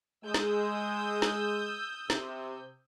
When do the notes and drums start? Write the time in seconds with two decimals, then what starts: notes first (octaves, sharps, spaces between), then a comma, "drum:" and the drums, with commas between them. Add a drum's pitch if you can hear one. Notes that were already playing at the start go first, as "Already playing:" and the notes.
0.25 G#3 D#6 E6 G6
0.34 drum: snare
1.22 drum: snare
2.10 C3, drum: snare